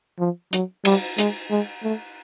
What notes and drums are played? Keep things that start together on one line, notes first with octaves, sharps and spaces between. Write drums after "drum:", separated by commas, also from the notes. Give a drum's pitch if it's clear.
F3
F#3, drum: hi-hat
G3, drum: cymbal
G#3, drum: hi-hat
G#3
A3